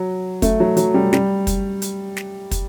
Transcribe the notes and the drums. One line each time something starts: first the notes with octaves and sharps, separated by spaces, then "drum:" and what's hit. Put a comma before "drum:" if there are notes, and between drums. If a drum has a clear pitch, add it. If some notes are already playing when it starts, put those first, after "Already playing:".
Already playing: F#3
A3, drum: kick, hi-hat
F#3
F#3, drum: hi-hat
G3
G3, drum: snare
drum: kick, hi-hat
drum: hi-hat
drum: snare
drum: kick, hi-hat